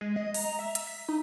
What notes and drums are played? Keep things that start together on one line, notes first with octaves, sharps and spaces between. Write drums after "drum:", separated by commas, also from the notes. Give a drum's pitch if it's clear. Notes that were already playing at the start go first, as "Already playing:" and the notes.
G#3
D#5
A#5, drum: open hi-hat
E5
E6, drum: hi-hat
B6
D#4